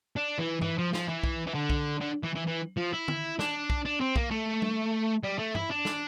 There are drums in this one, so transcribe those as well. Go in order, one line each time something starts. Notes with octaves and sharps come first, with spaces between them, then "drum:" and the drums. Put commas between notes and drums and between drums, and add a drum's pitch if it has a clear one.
D4
E3
E3, drum: tom G2
F3
F3, drum: snare
E3
drum: kick B1
E3
D3
drum: kick B1
D3
E3
E3
E3
F3
E4
drum: tom
D4, drum: snare
drum: kick B1
D4
C4
A#3, drum: kick B1
A3
drum: tom
G3
A3
E4, drum: tom G2
D4
drum: snare